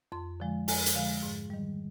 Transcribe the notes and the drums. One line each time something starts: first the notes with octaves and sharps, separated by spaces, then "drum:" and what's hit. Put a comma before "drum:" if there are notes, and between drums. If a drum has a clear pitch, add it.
F2 C6
D3 F3 G#3
F2 G#5, drum: open hi-hat
drum: hi-hat
D3 F3 G#3 F5
G#2
D#3 G3